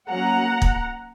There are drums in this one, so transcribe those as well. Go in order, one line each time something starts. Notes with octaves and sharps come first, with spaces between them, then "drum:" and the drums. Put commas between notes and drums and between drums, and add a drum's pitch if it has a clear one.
F#3 A#3 C#4 F#5 A#5
drum: kick